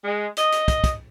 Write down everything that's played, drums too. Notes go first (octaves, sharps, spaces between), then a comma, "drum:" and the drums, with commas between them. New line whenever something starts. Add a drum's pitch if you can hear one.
G#3
D#5, drum: hi-hat
drum: hi-hat
drum: kick, hi-hat
drum: kick, hi-hat